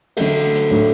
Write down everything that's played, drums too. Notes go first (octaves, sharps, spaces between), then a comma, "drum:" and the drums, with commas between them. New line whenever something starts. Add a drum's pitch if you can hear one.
D3 F#3 A3, drum: cymbal
drum: hi-hat
A2 F#3 A3 D4